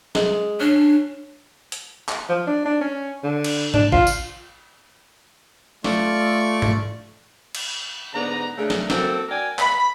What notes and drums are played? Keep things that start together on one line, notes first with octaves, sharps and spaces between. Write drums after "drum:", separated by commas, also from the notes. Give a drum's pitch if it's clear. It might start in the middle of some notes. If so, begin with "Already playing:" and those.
G#3, drum: snare
C#4 D4
drum: hi-hat
drum: clap
F3
D4
D4
C#4
D3
drum: cymbal
D4, drum: tom G#2
F4, drum: kick A1
drum: tambourine
A3 F4 D5 C#6, drum: snare
drum: tom G#2
drum: cymbal
G#2 D3 B3 D5 A#5
C#3 A3 D4 G#4 A#4
drum: snare
A#3 C4 F#4 A4, drum: snare
F#4 A#4 D5 G5 G#5
B5, drum: clap